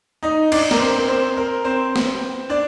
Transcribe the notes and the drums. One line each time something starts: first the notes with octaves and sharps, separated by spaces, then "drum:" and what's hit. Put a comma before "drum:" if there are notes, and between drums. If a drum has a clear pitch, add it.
D#4 D#5
D4 D5, drum: cymbal
A#4, drum: snare
C4 C5
A#4
C4 C5
A#4
C4 C5
drum: snare
D4 D5